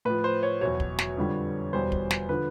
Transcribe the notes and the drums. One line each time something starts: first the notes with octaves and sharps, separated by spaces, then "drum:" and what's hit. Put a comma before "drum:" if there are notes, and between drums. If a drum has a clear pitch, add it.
A2 F3 B4
C5
C#5
E2 B2 F#3 C#5
drum: kick
drum: snare
F2 D3 G3
E2 B2 G3 C5
drum: kick
drum: snare
D3 F3 B4